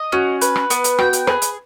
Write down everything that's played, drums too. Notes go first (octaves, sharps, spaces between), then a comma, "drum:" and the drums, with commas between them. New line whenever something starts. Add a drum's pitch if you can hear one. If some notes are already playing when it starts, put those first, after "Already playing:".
Already playing: D#5
C#4 F#4
B4, drum: hi-hat
drum: rim click
B3, drum: hi-hat
drum: hi-hat
F#4 G5, drum: rim click
drum: hi-hat
G#4 B4, drum: rim click
drum: hi-hat